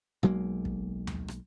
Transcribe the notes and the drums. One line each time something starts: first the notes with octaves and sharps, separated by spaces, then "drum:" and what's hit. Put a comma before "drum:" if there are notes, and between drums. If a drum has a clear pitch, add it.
B1 F#3 G#3 A#3
drum: kick
drum: tom D#2
drum: rim click